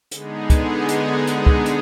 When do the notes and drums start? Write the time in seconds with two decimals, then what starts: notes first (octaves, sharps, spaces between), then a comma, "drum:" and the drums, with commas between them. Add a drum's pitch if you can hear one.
0.11 D3 G#3 B3 D#4 G#4, drum: hi-hat
0.50 drum: kick, hi-hat
0.88 drum: hi-hat
1.27 drum: hi-hat
1.46 drum: kick
1.66 drum: hi-hat